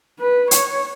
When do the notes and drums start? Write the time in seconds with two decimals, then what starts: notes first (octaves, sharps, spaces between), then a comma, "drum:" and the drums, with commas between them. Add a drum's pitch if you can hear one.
0.20 B4
0.51 C#5, drum: hi-hat